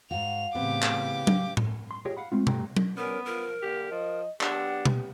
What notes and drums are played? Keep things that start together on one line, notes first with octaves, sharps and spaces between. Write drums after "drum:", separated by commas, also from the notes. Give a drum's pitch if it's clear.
G#2 F#4 F5 F7
A2 C#3 E3 B3 C4 G4 D6
drum: clap
drum: tom F#3
drum: tom A2
C6
F4 G4 G#4 C#5 D#5 G5
F5 F#5 B5
G#3 A3 C4 F4
G2 G3 A3 A4 G5 A#5, drum: tom B2
drum: tom F#3
F#3 G3 B3 C#4 A#4
F3 A#4
A#2 D3 G4
F3 D#5
F#3 B3 D4 G4 F#5, drum: clap
drum: tom B2